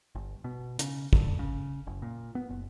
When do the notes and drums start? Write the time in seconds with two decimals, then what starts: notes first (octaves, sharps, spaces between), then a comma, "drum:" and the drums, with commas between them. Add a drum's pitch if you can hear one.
0.15 G1
0.44 B2
0.79 C#3, drum: hi-hat
1.13 D3, drum: kick
1.39 C#3
1.87 F#1
2.02 A#2
2.35 B3
2.49 F#1